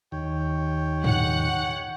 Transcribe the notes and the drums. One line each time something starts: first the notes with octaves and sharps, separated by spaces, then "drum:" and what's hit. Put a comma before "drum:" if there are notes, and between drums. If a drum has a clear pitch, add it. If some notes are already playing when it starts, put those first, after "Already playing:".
D#2 C#5 G5
F#5, drum: tom G2